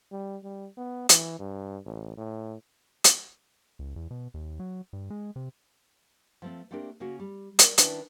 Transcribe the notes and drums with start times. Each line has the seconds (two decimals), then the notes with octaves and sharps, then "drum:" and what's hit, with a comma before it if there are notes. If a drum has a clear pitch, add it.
0.12 G3
0.44 G3
0.77 B3
1.09 E3, drum: hi-hat
1.39 G2
1.85 A1
2.17 A2
3.04 drum: hi-hat
3.79 C#2
3.96 E2
4.11 B2
4.34 D#2
4.60 F#3
4.93 G2
5.10 G#3
5.36 C3
6.42 F3 A3 C4
6.71 A3 A#3 C4 D4 G4 A#4
7.00 C#3 A#3 C#4 F#4
7.20 G3
7.59 A#4 D5, drum: hi-hat
7.78 D#3 C#4 D4 E4 B4 D5, drum: hi-hat